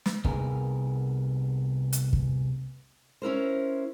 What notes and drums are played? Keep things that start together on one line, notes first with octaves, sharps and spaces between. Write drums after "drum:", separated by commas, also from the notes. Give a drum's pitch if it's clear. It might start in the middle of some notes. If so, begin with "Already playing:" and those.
drum: snare
C2 B3 G#4 A#4, drum: kick
drum: hi-hat
drum: kick
C#4 E4 A#4 C5